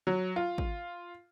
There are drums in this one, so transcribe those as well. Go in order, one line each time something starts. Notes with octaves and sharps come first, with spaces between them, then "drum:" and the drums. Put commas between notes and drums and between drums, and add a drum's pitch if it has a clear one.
F#3
F4
drum: kick